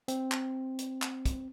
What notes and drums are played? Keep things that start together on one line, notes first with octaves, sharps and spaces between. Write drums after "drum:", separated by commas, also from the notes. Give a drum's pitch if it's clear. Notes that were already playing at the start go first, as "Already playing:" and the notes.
C4, drum: hi-hat
drum: clap
drum: hi-hat
drum: clap
drum: kick, hi-hat